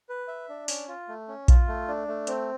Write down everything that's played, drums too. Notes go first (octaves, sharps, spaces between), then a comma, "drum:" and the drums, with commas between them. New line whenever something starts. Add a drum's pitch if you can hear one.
B4
E5
D4
C#4, drum: open hi-hat
F4
A3
C#4
F4, drum: kick A#1, hi-hat
A3
D4
A3
C4, drum: hi-hat